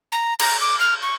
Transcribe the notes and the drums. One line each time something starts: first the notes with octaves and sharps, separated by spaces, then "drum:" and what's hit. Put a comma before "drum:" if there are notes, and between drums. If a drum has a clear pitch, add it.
A#5
A#5, drum: cymbal
D6
F6
C#6